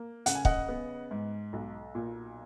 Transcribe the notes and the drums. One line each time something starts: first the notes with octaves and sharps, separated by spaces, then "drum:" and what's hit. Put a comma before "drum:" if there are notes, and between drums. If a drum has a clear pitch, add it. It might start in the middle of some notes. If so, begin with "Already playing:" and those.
Already playing: A#3
C#3 F#5, drum: hi-hat
G#5
D#5 F#5, drum: kick
B3
G#2
B1
A#2